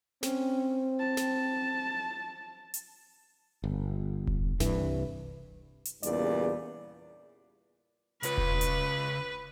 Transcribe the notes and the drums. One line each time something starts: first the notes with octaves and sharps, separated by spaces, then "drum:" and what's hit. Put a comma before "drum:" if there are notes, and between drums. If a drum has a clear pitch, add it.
C4 C#4, drum: snare
A5
drum: snare
drum: hi-hat
G1
drum: kick E1
C2 G2 E3, drum: snare
drum: hi-hat
E2 G2 A#2 C#3 G3 D5, drum: hi-hat
C#3 F4 B4, drum: hi-hat
drum: kick E1
drum: hi-hat